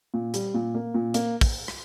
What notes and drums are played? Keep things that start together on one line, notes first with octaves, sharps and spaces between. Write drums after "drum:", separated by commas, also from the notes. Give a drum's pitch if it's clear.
A#2
G3, drum: hi-hat
A#2
A#3
A#2
A#3, drum: hi-hat
drum: kick, open hi-hat
drum: rim click